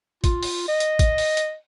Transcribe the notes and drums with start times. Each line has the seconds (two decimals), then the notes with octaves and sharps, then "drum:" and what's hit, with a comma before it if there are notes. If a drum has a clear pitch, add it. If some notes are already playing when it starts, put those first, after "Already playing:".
0.24 F4, drum: kick, hi-hat
0.43 drum: open hi-hat
0.68 D#5
0.80 drum: hi-hat
0.99 drum: kick, hi-hat
1.18 drum: open hi-hat
1.37 drum: hi-hat